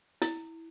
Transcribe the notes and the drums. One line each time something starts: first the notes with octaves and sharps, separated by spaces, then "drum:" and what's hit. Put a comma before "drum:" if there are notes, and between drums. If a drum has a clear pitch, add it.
E4, drum: hi-hat